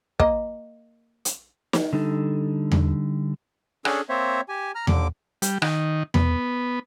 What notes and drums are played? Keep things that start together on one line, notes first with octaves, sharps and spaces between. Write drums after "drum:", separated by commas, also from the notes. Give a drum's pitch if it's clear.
A#3 D#5, drum: kick
drum: hi-hat
drum: snare
D3 G3 D#4 A4
drum: tom E2
C#4 D4 G#4 A4, drum: rim click
A#3 C4 C5 C#5 E5
G4 G#5
A#5 F6
D#2 D3 D6, drum: tom E2
G3, drum: hi-hat
D#3, drum: rim click
B3, drum: tom E2